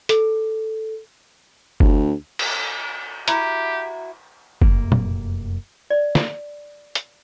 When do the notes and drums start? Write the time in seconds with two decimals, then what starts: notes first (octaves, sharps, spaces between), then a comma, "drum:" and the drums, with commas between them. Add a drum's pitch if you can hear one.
0.09 A4, drum: hi-hat
1.80 D2, drum: kick F#1
2.39 drum: cymbal
3.28 E4 F#4 G4 A#5, drum: hi-hat
4.62 F1 F#2 A#3, drum: kick F#1
4.92 drum: tom
5.90 D5
6.15 drum: snare
6.95 drum: hi-hat